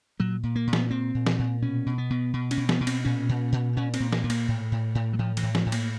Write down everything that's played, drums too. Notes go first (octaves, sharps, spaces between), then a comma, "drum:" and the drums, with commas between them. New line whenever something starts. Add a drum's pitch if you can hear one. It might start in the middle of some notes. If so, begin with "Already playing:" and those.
A#2 F#3
A#2
A#3
A#2
B3, drum: snare
A#2 C4
A#2
drum: snare
A#2
B2 C#4
B2
B3
B2
B2
C#4, drum: cymbal
B2
B3, drum: snare
B2
C4, drum: cymbal
A#2 C#4
A#2
A#2
A#2 C#4
C4, drum: cymbal
A#2
A#3, drum: snare
A#2
A#3, drum: cymbal
A2
A2
A2
F#3
A2 F3
E3, drum: cymbal
A2
F3, drum: snare
A2
A#3, drum: cymbal